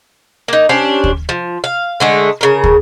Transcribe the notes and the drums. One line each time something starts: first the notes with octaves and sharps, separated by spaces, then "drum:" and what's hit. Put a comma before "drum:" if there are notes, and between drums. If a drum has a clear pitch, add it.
A#3 D#4
C#4 D4 G4 C5
drum: kick
F3
F5
D3 G#3 A3
C#3 A#4
drum: kick